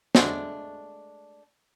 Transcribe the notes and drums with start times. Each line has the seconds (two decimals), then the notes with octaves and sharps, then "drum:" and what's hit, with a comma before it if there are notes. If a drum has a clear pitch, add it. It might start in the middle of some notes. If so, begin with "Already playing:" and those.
0.15 G#3 A3 D4, drum: snare